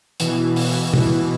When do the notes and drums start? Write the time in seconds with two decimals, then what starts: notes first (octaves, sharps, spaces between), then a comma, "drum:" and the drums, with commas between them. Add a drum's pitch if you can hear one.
0.20 B2 E3, drum: hi-hat
0.56 B2 E3, drum: open hi-hat
0.94 B2 E3, drum: tom